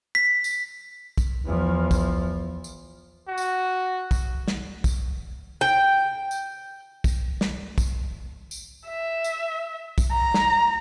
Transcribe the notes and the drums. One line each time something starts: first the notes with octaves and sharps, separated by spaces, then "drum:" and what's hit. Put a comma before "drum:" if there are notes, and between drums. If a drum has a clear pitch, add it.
B6
drum: tambourine
drum: kick, tambourine
E2 F3
drum: kick, tambourine
drum: tambourine
F#4
drum: tambourine
drum: kick, tambourine
drum: snare
drum: kick, tambourine
G5
drum: tambourine
drum: kick, tambourine
drum: snare
drum: kick, tambourine
drum: tambourine
E5
drum: tambourine
drum: kick, tambourine
A#5
drum: snare